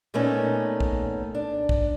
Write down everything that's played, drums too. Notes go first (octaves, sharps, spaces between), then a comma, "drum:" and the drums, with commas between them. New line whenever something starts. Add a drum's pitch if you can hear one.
A#2 A3 B3 C#4 D#4
drum: kick
D4
drum: kick